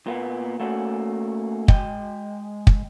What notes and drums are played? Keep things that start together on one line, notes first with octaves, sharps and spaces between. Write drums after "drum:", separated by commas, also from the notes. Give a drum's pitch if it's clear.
A#2 A#3 B3
A3 A#3 C#4 F#4
G#3 D#5 G5, drum: kick
drum: kick